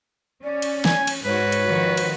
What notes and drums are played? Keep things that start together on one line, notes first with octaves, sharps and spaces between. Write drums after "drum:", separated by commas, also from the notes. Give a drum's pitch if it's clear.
C#4 D5
drum: cymbal
G#5, drum: snare
drum: cymbal
G#2 F#4 B4 C#5
drum: cymbal
D#3 F3 F#4
drum: cymbal